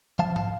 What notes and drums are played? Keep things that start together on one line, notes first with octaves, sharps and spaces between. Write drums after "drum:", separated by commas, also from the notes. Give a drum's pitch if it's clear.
F3 F5 A5
F5 A5, drum: tom G#2